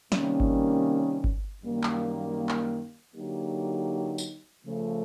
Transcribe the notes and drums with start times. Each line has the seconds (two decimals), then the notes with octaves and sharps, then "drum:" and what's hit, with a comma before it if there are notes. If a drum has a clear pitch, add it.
0.12 C3 D#3 G3 A#3 C#4, drum: snare
0.40 drum: kick G1
1.24 drum: kick G1
1.63 F#2 D#3 G3 A#3
1.83 drum: clap
2.49 drum: clap
3.15 D3 F#3 A#3 D#4 G4
4.18 drum: tambourine
4.66 C#3 F3 A3